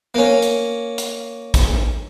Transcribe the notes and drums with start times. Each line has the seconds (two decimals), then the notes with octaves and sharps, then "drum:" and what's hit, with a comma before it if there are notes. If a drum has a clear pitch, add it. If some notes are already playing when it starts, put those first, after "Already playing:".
0.14 A#3 C#4
0.42 drum: hi-hat
0.98 drum: hi-hat
1.54 drum: kick A1, hi-hat